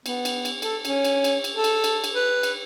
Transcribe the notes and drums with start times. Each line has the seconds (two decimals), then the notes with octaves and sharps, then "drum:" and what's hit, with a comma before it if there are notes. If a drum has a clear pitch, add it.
0.06 B3, drum: cymbal
0.25 drum: cymbal
0.45 drum: cymbal
0.62 A4, drum: cymbal
0.85 C#4, drum: cymbal
1.05 drum: cymbal
1.24 drum: cymbal
1.44 drum: cymbal
1.55 A4
1.64 drum: cymbal
1.84 drum: cymbal
2.04 drum: cymbal
2.15 B4
2.43 drum: cymbal